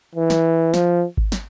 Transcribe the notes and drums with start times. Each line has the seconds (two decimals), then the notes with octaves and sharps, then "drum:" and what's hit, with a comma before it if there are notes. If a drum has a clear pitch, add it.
0.15 E3
0.30 drum: snare
0.74 F3, drum: snare
1.17 drum: kick G#1
1.32 drum: snare